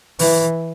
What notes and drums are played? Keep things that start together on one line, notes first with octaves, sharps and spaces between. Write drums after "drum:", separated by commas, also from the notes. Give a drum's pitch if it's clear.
E3, drum: open hi-hat